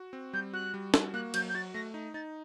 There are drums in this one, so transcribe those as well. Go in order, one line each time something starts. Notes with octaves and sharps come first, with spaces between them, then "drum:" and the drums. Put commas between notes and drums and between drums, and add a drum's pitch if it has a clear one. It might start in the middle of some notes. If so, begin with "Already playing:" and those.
Already playing: F#4
C4
G3 G6
F#4 F#6
G3
F#4, drum: snare
A#3 F#6
F#3 G6, drum: cymbal
G6
F#4 A6
A3 A#6
D#4
D#4 A6